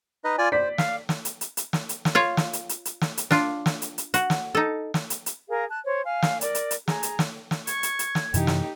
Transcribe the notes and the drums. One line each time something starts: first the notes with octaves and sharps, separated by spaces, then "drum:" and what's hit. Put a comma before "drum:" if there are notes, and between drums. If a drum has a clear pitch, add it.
D#4 B4 D#5
F4 D5 G#5
C5 D5 B6
F5, drum: snare
drum: snare
drum: hi-hat
drum: hi-hat
drum: hi-hat
drum: snare
drum: hi-hat
drum: snare
F4 C#5 F5
drum: snare
drum: hi-hat
drum: hi-hat
drum: hi-hat
drum: snare
drum: hi-hat
D4 F4, drum: snare
drum: snare
drum: hi-hat
drum: hi-hat
F#4, drum: hi-hat
drum: snare
D#4 A4
drum: snare
drum: hi-hat
drum: hi-hat
G#4 A#4 F5 A#5
A5 F#6
C5 C#5
F5 G#5
drum: snare
A#4 D5, drum: hi-hat
drum: hi-hat
drum: hi-hat
G#4 A#5, drum: snare
drum: hi-hat
drum: snare
drum: snare
C#6 G#6, drum: hi-hat
drum: hi-hat
drum: hi-hat
drum: snare
F#2 C3 E3 D#4 G4, drum: hi-hat
drum: snare